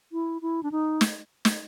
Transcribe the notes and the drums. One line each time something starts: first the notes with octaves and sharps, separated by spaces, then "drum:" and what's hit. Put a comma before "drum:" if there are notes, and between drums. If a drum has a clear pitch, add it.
E4
E4
D4
D#4
drum: snare
drum: snare